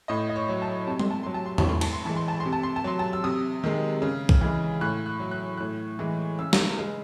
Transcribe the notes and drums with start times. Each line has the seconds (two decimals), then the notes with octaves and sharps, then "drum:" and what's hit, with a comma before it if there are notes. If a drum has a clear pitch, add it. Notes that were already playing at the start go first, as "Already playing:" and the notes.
0.08 A2 D#5
0.29 D#5
0.36 C#5
0.49 F#3
0.62 A5
0.87 C3 A5
0.99 C6, drum: tom G3
1.11 A5
1.23 F#3 C6
1.34 A5
1.46 C6
1.58 A5, drum: tom
1.67 A2 C6
1.81 A5, drum: cymbal
1.93 C6
2.05 E3 G#3 A5
2.16 C6
2.28 A5
2.40 C6
2.46 C3
2.53 A5
2.63 C6
2.76 A5
2.84 F#3 C6
2.99 A5
3.13 E6
3.24 C3 D#6
3.64 D#3 G#3
4.02 C#3
4.29 drum: kick B1
4.41 E3 G#3
4.81 A2 F#6
5.06 F#6
5.20 F#3
5.31 F#6
5.57 A2 F#6
5.99 E3 G#3
6.39 C#3 E6
6.53 drum: snare
6.78 G#3